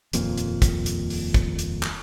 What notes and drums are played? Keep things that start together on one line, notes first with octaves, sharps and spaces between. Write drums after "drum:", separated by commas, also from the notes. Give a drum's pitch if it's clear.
D#1 F2 A#2, drum: hi-hat
drum: hi-hat
drum: kick, hi-hat
drum: hi-hat
drum: open hi-hat
drum: kick, hi-hat
drum: hi-hat
drum: clap